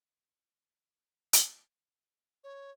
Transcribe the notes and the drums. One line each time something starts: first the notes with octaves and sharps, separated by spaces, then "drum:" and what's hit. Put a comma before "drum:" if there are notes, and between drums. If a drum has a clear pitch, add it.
drum: hi-hat
C#5